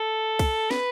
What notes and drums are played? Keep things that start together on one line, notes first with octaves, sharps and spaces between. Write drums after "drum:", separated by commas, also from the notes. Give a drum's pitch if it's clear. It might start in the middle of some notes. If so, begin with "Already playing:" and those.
Already playing: A4
drum: kick C2, cymbal
B4, drum: snare